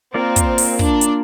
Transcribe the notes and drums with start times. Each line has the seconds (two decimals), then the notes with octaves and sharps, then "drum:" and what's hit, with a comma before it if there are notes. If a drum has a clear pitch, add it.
0.14 A#3 C4 F4 A#4 D5
0.36 drum: kick, hi-hat
0.58 drum: open hi-hat
0.79 D4, drum: kick
1.01 drum: hi-hat